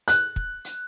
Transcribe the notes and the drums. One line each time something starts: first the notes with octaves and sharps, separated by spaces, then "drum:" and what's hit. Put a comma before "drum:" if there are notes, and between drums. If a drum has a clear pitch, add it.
F#6, drum: hi-hat
drum: kick
drum: hi-hat